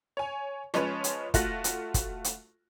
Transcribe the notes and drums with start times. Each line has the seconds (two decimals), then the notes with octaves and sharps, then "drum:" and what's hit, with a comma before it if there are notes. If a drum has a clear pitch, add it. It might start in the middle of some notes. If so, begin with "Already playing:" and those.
0.17 C#5 G#5
0.74 F3 G#3 C#4 B4 C#5, drum: rim click
1.04 drum: hi-hat
1.34 A3 F4 F#4 F#6 A#6, drum: kick, hi-hat
1.64 drum: hi-hat
1.94 drum: kick, hi-hat
2.24 drum: hi-hat